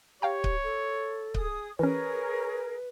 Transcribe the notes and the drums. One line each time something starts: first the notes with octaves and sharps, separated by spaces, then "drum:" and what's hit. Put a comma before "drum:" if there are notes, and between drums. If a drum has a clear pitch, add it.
G4 C#5 F5 G5 A#5
drum: kick C#1
A4
G#4 D#6, drum: kick C#1
E3 C#4 G#4 A#4 B4 C#5